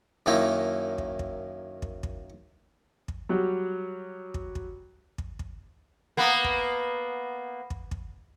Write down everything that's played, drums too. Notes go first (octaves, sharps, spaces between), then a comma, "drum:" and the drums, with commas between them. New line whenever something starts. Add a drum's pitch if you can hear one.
F#2 D#3 F#3 A#3 D#4 E4
drum: kick
drum: kick
drum: kick
drum: kick
drum: kick
F#3 G3 F#4
drum: kick
drum: kick
drum: kick
drum: kick
A#3 B3 B4
drum: kick
drum: kick
drum: kick